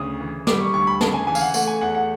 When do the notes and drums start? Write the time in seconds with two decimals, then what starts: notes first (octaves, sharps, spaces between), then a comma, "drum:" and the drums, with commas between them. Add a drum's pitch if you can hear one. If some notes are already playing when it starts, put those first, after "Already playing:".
Already playing: D2 C#3 D#6
0.20 E3
0.47 G3 D6, drum: snare
0.60 C#6
0.74 D2 C#6
0.87 B5
1.01 C#3 A5, drum: snare
1.14 G#5
1.27 E3 G#5
1.35 F5, drum: tambourine
1.41 F#5
1.54 A3 F#5, drum: tambourine
1.68 G#5
1.81 E2 F#5
1.95 F#5